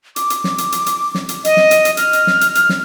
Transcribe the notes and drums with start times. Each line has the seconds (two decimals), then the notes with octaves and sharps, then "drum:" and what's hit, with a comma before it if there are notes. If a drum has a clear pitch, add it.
0.16 D6, drum: hi-hat
0.30 drum: hi-hat
0.44 drum: snare
0.58 drum: hi-hat
0.72 drum: hi-hat
0.86 drum: hi-hat
1.15 drum: snare
1.29 drum: hi-hat
1.45 D#5, drum: hi-hat
1.57 drum: snare
1.71 drum: hi-hat
1.85 drum: hi-hat
1.97 F6, drum: hi-hat
2.13 drum: hi-hat
2.27 drum: snare
2.41 drum: hi-hat
2.55 drum: hi-hat
2.69 drum: snare